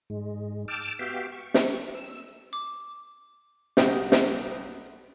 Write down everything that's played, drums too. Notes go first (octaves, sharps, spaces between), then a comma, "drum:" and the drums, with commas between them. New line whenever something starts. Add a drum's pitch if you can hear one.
G#2 G#3
G5 A5 D6 E6 F6
B3 F#4 G4 E5 F5 G5
C#6
drum: snare
E6
D6
B1 C#3 G3 D#5 F#5 G5, drum: snare
drum: snare